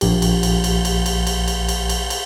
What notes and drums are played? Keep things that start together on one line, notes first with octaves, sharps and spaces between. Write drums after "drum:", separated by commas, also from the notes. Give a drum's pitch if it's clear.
A#1 G4, drum: cymbal
drum: cymbal
drum: cymbal
drum: cymbal
drum: cymbal
drum: cymbal
drum: cymbal
drum: cymbal
drum: cymbal
drum: cymbal
drum: cymbal